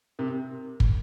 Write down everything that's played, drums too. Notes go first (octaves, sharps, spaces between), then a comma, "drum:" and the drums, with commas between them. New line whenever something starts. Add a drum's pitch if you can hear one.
C3 A#4
drum: kick